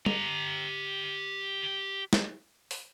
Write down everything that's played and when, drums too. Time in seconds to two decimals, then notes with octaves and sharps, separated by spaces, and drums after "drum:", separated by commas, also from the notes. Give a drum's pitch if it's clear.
0.06 G4 A#5, drum: tom
2.13 drum: snare
2.71 drum: open hi-hat